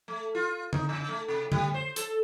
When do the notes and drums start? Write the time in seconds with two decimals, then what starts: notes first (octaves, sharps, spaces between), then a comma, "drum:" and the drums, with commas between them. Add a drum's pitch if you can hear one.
0.08 A3
0.35 F4
0.73 D#4, drum: tom D3
0.89 C#3
1.09 A3
1.28 C3
1.52 G3, drum: tom D3
1.74 C5
1.96 A4, drum: hi-hat